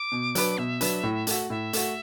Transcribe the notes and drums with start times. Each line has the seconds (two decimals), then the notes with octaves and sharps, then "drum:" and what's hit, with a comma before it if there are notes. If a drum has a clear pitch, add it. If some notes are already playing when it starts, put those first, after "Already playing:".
Already playing: D6
0.12 B2
0.35 F#3 D4 B4, drum: hi-hat
0.58 B2 E5
0.81 F#3 D4 B4, drum: hi-hat
1.03 A2
1.27 A3 F#4, drum: hi-hat
1.50 A2 E5
1.73 A3 F#4, drum: hi-hat